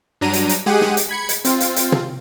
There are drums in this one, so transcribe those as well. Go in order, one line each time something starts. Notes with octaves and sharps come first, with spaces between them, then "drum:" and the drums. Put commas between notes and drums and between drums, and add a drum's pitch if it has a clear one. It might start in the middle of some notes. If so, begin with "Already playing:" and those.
G2 F#3 D4 A#5 D#7
drum: hi-hat
drum: hi-hat
G#3 G4 G#4 F#5 D#7
drum: snare
drum: hi-hat
B5 G#6 C#7
drum: hi-hat
C4 F4, drum: hi-hat
drum: hi-hat
drum: hi-hat
drum: tom